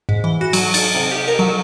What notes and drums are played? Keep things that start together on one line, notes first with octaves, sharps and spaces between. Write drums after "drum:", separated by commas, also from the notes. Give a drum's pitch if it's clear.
G#2
E3
F#4
F#3, drum: cymbal
A6, drum: cymbal
C3
G4
A#4
F#3